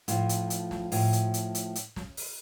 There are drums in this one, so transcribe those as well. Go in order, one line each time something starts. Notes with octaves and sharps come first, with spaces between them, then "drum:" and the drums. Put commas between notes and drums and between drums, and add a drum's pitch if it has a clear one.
A2 F3 F4, drum: hi-hat
drum: hi-hat
drum: hi-hat
drum: snare
A2 F3, drum: open hi-hat
drum: hi-hat
drum: hi-hat
drum: hi-hat
drum: hi-hat
drum: snare
drum: open hi-hat